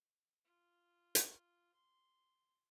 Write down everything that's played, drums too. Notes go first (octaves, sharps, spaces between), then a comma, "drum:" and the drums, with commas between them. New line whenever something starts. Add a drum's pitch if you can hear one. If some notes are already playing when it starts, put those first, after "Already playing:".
F4
drum: hi-hat
C6